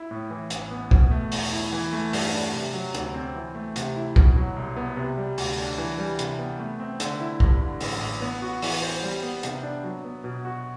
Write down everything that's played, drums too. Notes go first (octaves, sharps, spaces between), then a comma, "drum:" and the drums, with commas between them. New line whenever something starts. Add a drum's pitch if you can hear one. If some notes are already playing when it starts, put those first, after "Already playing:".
Already playing: E4
A2
E3
A1, drum: hi-hat
B3
B2, drum: kick
A3
E2, drum: open hi-hat
E4
E3
A3
G2, drum: open hi-hat
D4
C3
F#3
D2, drum: hi-hat
C4
E3
A3
C3, drum: hi-hat
E4
B2, drum: kick
F#3
C2
B3
C3
G3
D2, drum: open hi-hat
D4
E3
G3
C3, drum: hi-hat
B3
A3
C4
D3, drum: hi-hat
E4
G2, drum: kick
D3
A1, drum: open hi-hat
A1
B3
F#4
E3, drum: open hi-hat
C5
G3
B3
C3, drum: hi-hat
D4
F#3
B3
B2
F#4